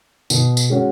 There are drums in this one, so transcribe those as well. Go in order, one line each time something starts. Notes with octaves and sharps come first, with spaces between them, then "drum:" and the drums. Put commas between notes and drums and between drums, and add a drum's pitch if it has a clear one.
B2, drum: tambourine
drum: tambourine
G#3 C#4 F#4